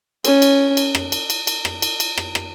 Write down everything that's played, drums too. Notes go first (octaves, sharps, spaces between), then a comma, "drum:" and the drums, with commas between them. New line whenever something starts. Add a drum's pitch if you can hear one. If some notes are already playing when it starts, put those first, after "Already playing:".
C#4, drum: cymbal
drum: cymbal
drum: cymbal
drum: rim click
drum: cymbal
drum: cymbal
drum: cymbal
drum: rim click
drum: cymbal
drum: cymbal
drum: rim click
drum: rim click